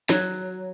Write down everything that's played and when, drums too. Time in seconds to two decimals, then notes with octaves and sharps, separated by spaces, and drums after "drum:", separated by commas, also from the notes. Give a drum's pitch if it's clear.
0.09 F#3, drum: snare